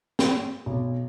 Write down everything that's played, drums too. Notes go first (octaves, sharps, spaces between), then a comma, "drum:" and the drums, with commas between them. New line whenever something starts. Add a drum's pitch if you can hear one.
drum: snare
B1